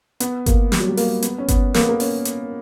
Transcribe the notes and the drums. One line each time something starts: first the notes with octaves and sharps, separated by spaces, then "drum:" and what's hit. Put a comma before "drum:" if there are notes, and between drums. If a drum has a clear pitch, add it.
B3, drum: hi-hat
A#3, drum: kick G1, hi-hat
G3, drum: snare
F#3
G3
A#3, drum: open hi-hat
B3, drum: hi-hat
C#4
B3, drum: kick G1, hi-hat
A#3, drum: snare
B3
A#3
C#4, drum: open hi-hat
drum: hi-hat